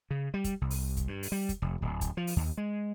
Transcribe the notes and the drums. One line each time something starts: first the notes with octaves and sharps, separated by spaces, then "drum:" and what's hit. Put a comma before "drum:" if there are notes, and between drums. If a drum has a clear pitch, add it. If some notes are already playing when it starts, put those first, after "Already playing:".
C#3
G3
drum: kick, hi-hat
C2
drum: open hi-hat
drum: kick, hi-hat
G2
drum: open hi-hat
G3
drum: kick, hi-hat
F1
D1
drum: kick, hi-hat
F3
drum: open hi-hat
D#2
G#3